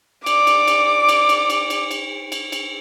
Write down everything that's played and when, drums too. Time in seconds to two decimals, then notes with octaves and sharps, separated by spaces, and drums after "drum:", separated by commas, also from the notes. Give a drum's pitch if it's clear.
0.26 D5 D6, drum: cymbal
0.47 drum: cymbal
0.68 drum: cymbal
1.09 drum: cymbal
1.29 drum: cymbal
1.50 drum: cymbal
1.70 drum: cymbal
1.91 drum: cymbal
2.32 drum: cymbal
2.52 drum: cymbal